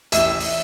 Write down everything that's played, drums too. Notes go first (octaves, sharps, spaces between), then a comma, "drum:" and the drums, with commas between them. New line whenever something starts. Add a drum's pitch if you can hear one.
A1 E5 E6, drum: hi-hat
drum: open hi-hat